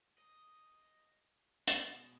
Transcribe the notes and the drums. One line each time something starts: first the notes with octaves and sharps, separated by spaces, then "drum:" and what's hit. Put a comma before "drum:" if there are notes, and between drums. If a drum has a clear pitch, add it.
D#5
B2 G#3, drum: hi-hat